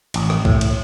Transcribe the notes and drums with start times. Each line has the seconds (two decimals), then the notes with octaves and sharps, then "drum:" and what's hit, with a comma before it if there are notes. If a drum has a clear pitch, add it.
0.14 A1, drum: cymbal
0.30 drum: rim click
0.45 A2, drum: kick
0.61 drum: cymbal